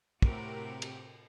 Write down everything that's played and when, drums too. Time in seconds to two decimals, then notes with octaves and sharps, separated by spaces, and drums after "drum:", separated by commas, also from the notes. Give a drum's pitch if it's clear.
0.22 A2 C3 C4 F#4 G4 A#4, drum: kick
0.82 drum: cymbal